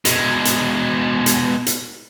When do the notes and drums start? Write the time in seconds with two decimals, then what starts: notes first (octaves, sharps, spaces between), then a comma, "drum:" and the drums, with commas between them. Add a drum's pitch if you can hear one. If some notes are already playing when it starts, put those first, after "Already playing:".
0.05 B2 G#3, drum: hi-hat
0.45 drum: hi-hat
1.26 drum: hi-hat
1.66 drum: hi-hat